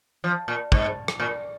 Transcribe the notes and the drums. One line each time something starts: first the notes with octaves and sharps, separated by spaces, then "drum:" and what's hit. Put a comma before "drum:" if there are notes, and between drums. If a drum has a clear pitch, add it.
F3
A#2
G#2, drum: kick
drum: rim click
A#2